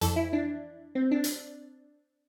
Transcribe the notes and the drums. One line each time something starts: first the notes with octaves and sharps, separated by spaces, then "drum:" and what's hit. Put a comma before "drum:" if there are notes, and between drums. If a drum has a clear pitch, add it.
F2 E3 A4, drum: hi-hat
E4
D4
C4
D4
drum: hi-hat